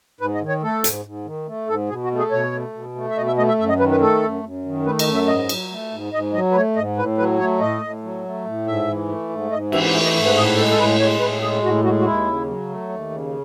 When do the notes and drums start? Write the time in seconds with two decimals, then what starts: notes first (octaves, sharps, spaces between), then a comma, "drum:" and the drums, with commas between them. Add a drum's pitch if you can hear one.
0.21 G#2 B4
0.34 D#5
0.41 D#3
0.48 C#5
0.63 A3 A4
0.84 G#2, drum: hi-hat
1.05 G#2
1.25 D#3
1.47 A3
1.68 G#2 A4
1.89 B2 G#4
2.04 F#4
2.11 A3
2.18 G#4
2.31 B2 C#5
2.52 A3
2.74 B2
2.95 A3
3.10 E5
3.17 B2 D#5
3.27 E5
3.37 A3 D#5
3.48 E5
3.59 F#2 E5
3.69 D#5
3.79 D#3 B4
3.91 B4
4.00 A3 A4
4.23 F#2
4.43 F#2
4.65 D#3
4.86 A3 B4
4.99 D#5, drum: cymbal
5.07 F#2
5.14 E5
5.27 G#2 D#5
5.49 F#3, drum: cymbal
5.71 A3
5.91 G#2
6.13 G#2 D#5
6.33 F#3 D#5
6.51 B4
6.55 A3 C#5
6.76 G#2 D#5
6.97 A2 B4
7.18 F#3 B4
7.39 A3 C#5
7.60 A2 D#5
7.82 A2
8.03 F#3
8.25 A3
8.45 A2
8.66 G#2 E5
8.88 E3
9.08 A3
9.29 G#2
9.51 G#2 D#5
9.72 E3 E5, drum: cymbal
9.93 A3 E5
10.04 D#5
10.15 G#2
10.26 B4
10.35 A2 G#4
10.56 G#3 A4
10.70 A4
10.78 A2 B4
11.00 G#3 C#5
11.20 A2 B4
11.41 G#3 G#4
11.63 A2 F#4
11.83 G#3 F#4
11.99 F#4
12.05 D#2 E4
12.26 C#3
12.48 F#3
12.69 A3
12.89 D#2
13.11 C#3